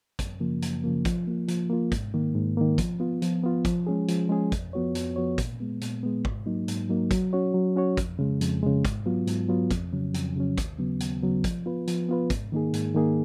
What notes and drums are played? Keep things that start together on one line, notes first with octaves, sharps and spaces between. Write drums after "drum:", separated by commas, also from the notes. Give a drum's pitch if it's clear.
F#2, drum: kick, hi-hat
C#3 F3 A#3
F#2, drum: hi-hat
C#3 F3 A#3
F3, drum: kick, hi-hat
A#3 F4
F3, drum: hi-hat
A#3 F4
G#2, drum: kick, hi-hat
D#3 A#3
G#2
D#3 A#3
F3, drum: kick, hi-hat
B3 F4
F3, drum: hi-hat
B3 F4
F3, drum: kick, hi-hat
G#3 C#4 G#4
F3, drum: hi-hat
G#3 C#4 G#4
F2, drum: kick, hi-hat
F3 B3 F#4 C#5
F2, drum: hi-hat
F3 B3 F#4 C#5
A#2, drum: kick, hi-hat
G#3 B3
A#2, drum: hi-hat
G#3 B3
G#2, drum: kick
F#3 A#3 D#4
G#2, drum: hi-hat
F#3 A#3 D#4
F#3, drum: kick, hi-hat
C#4 F#4 C#5
F#3
C#4 F#4 C#5
F2, drum: kick, hi-hat
C#3 G#3
F2, drum: hi-hat
C#3 G#3
G#2, drum: kick, hi-hat
F#3 B3 F4
G#2, drum: hi-hat
F#3 B3 F4
F2, drum: kick, hi-hat
C#3 F#3 C#4
F2, drum: hi-hat
C#3 F#3 C#4
D#2, drum: kick, hi-hat
C#3 F#3 B3
D#2, drum: hi-hat
C#3 F#3 B3
F3, drum: kick, hi-hat
B3 F4 B4
F3, drum: hi-hat
B3 F4 B4
G#2, drum: kick, hi-hat
D#3 A#3 D#4 G#4
G#2, drum: hi-hat
D#3 A#3 D#4 G#4